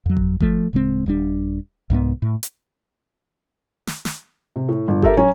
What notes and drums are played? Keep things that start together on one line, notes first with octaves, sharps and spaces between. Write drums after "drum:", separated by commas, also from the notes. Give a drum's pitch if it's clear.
F2 F#3
drum: kick G1
F3 A3, drum: kick G1
D1 C#3 G#3 C4
D#1 G3 D4
C2 G#2 A3 B3
A2
drum: hi-hat
drum: snare
drum: snare
C3
A2
G1
G4 A4 A#4 E5, drum: kick G1
F#3 C#4 G#5 A#5